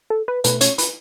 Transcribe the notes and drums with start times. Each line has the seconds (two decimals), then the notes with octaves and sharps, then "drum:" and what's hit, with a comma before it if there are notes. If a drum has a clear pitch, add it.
0.10 A4
0.28 B4
0.44 B2 A3 B4, drum: hi-hat
0.61 C#4 C#5, drum: hi-hat
0.78 B4, drum: hi-hat